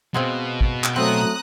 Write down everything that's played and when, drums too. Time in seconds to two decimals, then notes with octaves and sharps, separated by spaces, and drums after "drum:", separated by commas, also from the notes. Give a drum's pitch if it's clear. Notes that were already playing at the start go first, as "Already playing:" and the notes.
0.14 B2 G#3 C4 F5
0.61 drum: kick
0.84 drum: clap
0.96 F#3 A3 C4 A#5 D#6 F#6